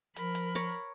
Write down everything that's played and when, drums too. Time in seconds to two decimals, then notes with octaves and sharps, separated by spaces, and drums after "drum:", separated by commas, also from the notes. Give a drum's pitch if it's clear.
0.16 F3 A#4 B5, drum: hi-hat
0.35 drum: hi-hat
0.55 C#5 A#5 D6, drum: hi-hat